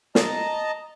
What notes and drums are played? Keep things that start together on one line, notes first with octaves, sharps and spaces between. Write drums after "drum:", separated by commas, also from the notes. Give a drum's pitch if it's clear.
D#5 A5 A#5, drum: snare